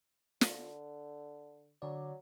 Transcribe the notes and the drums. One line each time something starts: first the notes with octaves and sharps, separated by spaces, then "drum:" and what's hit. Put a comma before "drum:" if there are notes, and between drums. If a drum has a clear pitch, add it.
D3, drum: snare
D3 F#3 D5